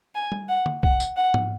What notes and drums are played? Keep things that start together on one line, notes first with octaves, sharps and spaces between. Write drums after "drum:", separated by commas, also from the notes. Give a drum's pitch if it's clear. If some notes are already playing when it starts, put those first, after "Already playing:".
G#5
drum: tom G3
F#5
drum: tom D3
F#5, drum: kick B1
drum: tambourine
F#5
drum: tom G#2